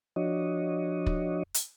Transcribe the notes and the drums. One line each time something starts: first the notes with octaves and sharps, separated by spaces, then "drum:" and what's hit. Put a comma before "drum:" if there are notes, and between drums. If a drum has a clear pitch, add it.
F3 D4 F#4 C#5 D#5
drum: kick
drum: hi-hat